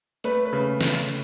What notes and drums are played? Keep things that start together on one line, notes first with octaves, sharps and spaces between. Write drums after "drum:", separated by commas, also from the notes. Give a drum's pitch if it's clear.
A3 B4, drum: hi-hat
B4
C#3
drum: snare
drum: hi-hat